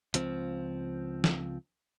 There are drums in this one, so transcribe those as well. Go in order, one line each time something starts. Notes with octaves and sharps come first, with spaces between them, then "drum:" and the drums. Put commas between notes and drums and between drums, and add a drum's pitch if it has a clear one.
C#2 F3 C4, drum: hi-hat
drum: snare